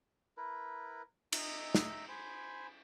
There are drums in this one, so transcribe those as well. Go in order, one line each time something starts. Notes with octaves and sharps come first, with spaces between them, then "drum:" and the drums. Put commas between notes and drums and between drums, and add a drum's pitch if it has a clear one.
E4 A#4 B4
D#4 D#5 E5 E6, drum: cymbal
drum: snare
C5 G#5 B5